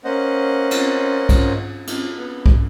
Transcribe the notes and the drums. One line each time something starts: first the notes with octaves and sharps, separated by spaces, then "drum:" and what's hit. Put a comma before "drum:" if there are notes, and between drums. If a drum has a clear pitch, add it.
A#3 C#4 C5 D#5 F#5
drum: cymbal
drum: kick, cymbal
drum: cymbal
B3
drum: kick